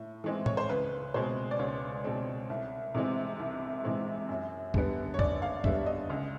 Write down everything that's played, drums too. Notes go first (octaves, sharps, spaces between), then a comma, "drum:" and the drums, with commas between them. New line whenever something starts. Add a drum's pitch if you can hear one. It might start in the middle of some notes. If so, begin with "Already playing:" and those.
Already playing: A2
E3 G#3 C4
C#5, drum: tom
C5
C#2 B4
B2 G#3 C4 C5
D5
C#2 C#5
B2 G#3 C4
C2
C3 E3 G#3 C4
C2
C3 E3 G#3 C4
F#2
D3 G3 B3, drum: kick
C#5
F#2 D5, drum: kick
F5
D3 G3 B3 E5, drum: kick
D#5
C#2